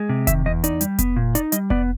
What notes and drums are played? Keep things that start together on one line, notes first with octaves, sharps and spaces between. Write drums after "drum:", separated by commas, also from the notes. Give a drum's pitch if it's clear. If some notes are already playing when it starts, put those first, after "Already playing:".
Already playing: G#3
C3
D#3 E5, drum: kick F1, hi-hat
E2 D#5
D#4 D5, drum: hi-hat
G3, drum: hi-hat
B3, drum: kick F1, hi-hat
A#2
D#4 D5, drum: hi-hat
G3 D#5, drum: hi-hat
B3 D5, drum: kick F1